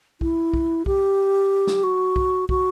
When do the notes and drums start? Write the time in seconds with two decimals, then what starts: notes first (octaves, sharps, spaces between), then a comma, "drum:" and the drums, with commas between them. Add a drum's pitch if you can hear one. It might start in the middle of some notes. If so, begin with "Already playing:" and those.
0.21 E4, drum: kick
0.54 drum: kick
0.86 G4, drum: kick
1.67 drum: snare
1.84 F#4
2.16 drum: kick
2.49 F#4, drum: kick